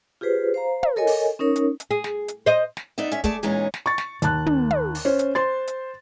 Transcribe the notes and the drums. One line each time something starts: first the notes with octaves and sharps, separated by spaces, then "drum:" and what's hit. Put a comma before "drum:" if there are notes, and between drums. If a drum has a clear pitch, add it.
F4 G4 G#4 B4 C5
C5 F5 A#5
drum: tom
A4 A#4 C#5 D#5 G#5
drum: open hi-hat
C#4 D#4 A#4 C#5
drum: hi-hat
drum: hi-hat
G#4
drum: snare
drum: hi-hat
C5 D#5
drum: snare
B3 D#4 D5 E5
C#4 E5
A3 G#4 D5 A5, drum: kick, hi-hat
E2 A#2 E3 G#3 C#4 D#4
drum: snare
C#6 A6
drum: snare
D#2 A5 F#6, drum: hi-hat
drum: tom
drum: tom
drum: open hi-hat
C#4 C5
drum: hi-hat
C5 C6 A6
drum: hi-hat